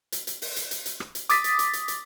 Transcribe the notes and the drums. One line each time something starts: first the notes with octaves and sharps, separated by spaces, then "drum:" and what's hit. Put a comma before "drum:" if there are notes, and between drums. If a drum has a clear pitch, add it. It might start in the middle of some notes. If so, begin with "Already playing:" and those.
drum: hi-hat
drum: hi-hat
drum: open hi-hat
drum: hi-hat
drum: hi-hat
drum: hi-hat
drum: rim click
drum: hi-hat
D6 D#6 A6 B6, drum: hi-hat
drum: hi-hat
drum: hi-hat
drum: hi-hat
drum: hi-hat